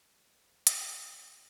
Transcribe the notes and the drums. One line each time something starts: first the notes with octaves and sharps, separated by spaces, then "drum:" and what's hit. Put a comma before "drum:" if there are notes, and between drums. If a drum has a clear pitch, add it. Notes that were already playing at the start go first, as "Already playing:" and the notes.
Already playing: G#3
F2 G#4 C#5
F3
F2 A#4 D#5
F2, drum: hi-hat
C#4 F4
A#2
D#4 G#4
A#2